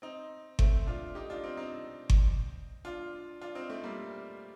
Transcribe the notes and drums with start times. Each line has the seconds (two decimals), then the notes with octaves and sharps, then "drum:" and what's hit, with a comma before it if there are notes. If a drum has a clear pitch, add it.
0.02 C4 D#4
0.59 A3 C4, drum: kick G1
0.87 D4 F4
1.15 D#4 G4
1.30 D4 F4
1.43 C4 D#4
1.57 C4 D#4
2.10 drum: kick G1
2.85 D4 F4
3.41 D4 F4
3.55 C4 D#4
3.69 A3 C4
3.83 G3 A#3